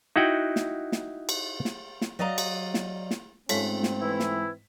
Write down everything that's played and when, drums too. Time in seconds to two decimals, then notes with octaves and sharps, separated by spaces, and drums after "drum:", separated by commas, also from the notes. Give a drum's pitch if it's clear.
0.16 D#4 E4 F#4 F#5 G5
0.56 drum: snare
0.92 drum: snare
1.29 drum: cymbal
1.65 drum: snare
2.01 drum: snare
2.19 F#3 D5 D#5 F5 A#5
2.38 drum: cymbal
2.74 drum: snare
3.11 drum: snare
3.49 G#2 A3 C4 C#4 F4 B6, drum: cymbal
3.83 drum: snare
4.02 E3 E4
4.20 drum: snare